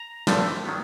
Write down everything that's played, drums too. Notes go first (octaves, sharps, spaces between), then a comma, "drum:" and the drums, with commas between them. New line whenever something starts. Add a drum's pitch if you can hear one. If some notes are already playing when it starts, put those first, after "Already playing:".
Already playing: A#5
G#1 G2 D3 F3 A3, drum: snare
D#3 F#3 B3